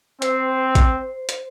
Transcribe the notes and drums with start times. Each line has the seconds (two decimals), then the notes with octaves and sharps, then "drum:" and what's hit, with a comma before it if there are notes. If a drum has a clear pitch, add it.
0.22 C4 C5, drum: hi-hat
0.75 drum: kick A1, hi-hat
1.29 drum: hi-hat